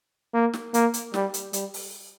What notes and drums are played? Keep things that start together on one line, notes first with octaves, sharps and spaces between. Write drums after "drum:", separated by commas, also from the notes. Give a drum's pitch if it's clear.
A#3
drum: snare
A#3, drum: hi-hat
drum: hi-hat
G3, drum: snare
drum: hi-hat
G3, drum: hi-hat
drum: open hi-hat